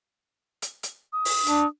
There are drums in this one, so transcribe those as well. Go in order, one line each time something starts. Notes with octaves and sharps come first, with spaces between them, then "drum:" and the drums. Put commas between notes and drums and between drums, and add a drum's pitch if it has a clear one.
drum: hi-hat
drum: hi-hat
D#6
drum: open hi-hat
D4, drum: hi-hat